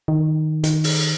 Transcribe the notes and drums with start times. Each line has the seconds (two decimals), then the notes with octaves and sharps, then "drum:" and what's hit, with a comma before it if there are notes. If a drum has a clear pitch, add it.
0.08 D#3
0.64 D#3, drum: hi-hat
0.84 drum: open hi-hat